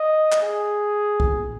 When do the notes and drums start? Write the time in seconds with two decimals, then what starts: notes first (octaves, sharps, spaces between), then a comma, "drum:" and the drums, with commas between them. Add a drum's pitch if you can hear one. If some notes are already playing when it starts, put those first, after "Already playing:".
Already playing: D#5
0.32 drum: clap
0.41 G#4
1.20 drum: kick B1